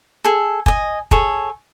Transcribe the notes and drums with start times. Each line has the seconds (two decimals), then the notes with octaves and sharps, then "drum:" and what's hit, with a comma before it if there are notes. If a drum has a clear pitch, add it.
0.24 G#4 A4
0.66 D#5 G#5, drum: kick
1.11 G#4 A4 C#5, drum: kick